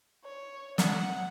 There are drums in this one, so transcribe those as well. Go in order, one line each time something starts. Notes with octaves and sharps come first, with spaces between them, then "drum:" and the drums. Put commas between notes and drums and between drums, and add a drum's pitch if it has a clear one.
C#5
F#5, drum: snare